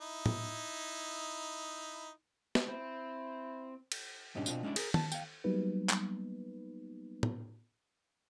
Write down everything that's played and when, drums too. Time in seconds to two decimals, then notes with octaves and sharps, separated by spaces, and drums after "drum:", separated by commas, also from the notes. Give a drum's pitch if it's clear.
0.01 D#4 E4
0.26 drum: tom
2.55 drum: snare
2.68 C4 E4
3.92 drum: cymbal
4.35 E2 G#2 B2 G3 C#4 D4
4.46 B2 C4 D4 F4, drum: tambourine
4.63 G#3 C#4 D4 E4 D5
4.76 G#4 A#4, drum: cymbal
4.94 A5, drum: tom D#3
5.12 F5 G5, drum: tambourine
5.44 F#3 G3 A#3 B3 D#4 B4
5.90 drum: clap
7.23 drum: tom